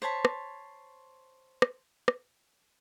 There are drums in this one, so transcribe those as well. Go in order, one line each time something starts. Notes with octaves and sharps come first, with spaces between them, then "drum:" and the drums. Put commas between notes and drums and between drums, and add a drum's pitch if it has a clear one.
C5 C#5 A5 B5
drum: rim click
drum: rim click
drum: rim click